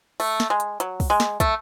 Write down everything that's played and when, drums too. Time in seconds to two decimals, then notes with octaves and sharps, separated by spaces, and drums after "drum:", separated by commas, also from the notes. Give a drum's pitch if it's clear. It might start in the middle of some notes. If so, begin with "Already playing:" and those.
0.20 A3, drum: open hi-hat
0.40 drum: snare
0.50 G#3
0.60 drum: hi-hat
0.80 F#3, drum: hi-hat
1.00 drum: kick, open hi-hat
1.10 G#3
1.20 drum: snare
1.40 A3, drum: kick, hi-hat